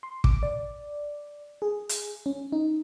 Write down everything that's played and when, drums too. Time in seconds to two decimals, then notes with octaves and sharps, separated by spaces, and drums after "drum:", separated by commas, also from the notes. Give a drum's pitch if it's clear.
0.03 C6
0.24 D6, drum: kick
0.43 D5
1.62 G#4
1.89 drum: hi-hat
2.26 C#4
2.52 D#4